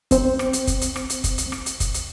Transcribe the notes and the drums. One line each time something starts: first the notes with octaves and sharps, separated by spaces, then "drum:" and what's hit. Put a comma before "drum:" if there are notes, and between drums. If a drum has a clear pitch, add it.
C4 C5, drum: kick, hi-hat
drum: rim click
drum: hi-hat
drum: kick, hi-hat
drum: hi-hat
drum: rim click
drum: hi-hat
drum: kick, hi-hat
drum: hi-hat
drum: rim click
drum: hi-hat
drum: kick, hi-hat
drum: hi-hat